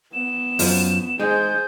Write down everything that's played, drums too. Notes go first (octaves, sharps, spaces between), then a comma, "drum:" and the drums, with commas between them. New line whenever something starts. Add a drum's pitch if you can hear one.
B3 E7
F#2 F3, drum: open hi-hat
G#3 D#4 G#4 C5 G6